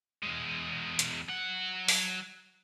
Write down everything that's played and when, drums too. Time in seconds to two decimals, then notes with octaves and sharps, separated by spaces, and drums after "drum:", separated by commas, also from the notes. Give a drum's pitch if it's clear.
0.23 E2 G#3
0.99 drum: hi-hat
1.29 F#3 F#5
1.88 drum: open hi-hat